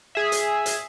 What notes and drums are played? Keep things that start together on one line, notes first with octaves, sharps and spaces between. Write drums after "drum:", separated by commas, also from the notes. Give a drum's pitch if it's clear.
G#4 E5
drum: hi-hat
drum: hi-hat